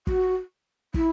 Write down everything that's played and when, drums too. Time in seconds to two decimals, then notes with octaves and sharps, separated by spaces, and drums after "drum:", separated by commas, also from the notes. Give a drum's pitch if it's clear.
0.07 F#4, drum: kick
0.94 E4, drum: kick